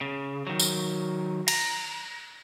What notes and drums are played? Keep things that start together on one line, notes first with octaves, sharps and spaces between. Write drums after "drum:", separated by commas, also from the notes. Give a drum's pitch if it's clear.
C#3
D#3 F#3
drum: tambourine
A#5, drum: cymbal